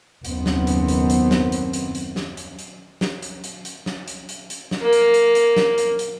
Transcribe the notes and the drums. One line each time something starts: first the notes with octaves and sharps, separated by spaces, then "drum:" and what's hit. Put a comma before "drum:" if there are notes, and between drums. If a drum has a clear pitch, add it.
F#1 D#2 B3 C4, drum: hi-hat
drum: snare
drum: hi-hat
drum: hi-hat
drum: hi-hat
drum: snare
drum: hi-hat
drum: hi-hat
drum: hi-hat
drum: snare
drum: hi-hat
drum: hi-hat
drum: snare
drum: hi-hat
drum: hi-hat
drum: hi-hat
drum: snare
drum: hi-hat
drum: hi-hat
drum: hi-hat
drum: snare
A#3
drum: hi-hat
drum: hi-hat
drum: hi-hat
drum: snare
drum: hi-hat
drum: hi-hat